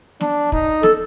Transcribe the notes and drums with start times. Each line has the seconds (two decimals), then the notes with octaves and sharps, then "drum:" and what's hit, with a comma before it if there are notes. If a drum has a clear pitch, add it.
0.21 D4, drum: snare
0.52 D#4, drum: kick
0.83 A4, drum: snare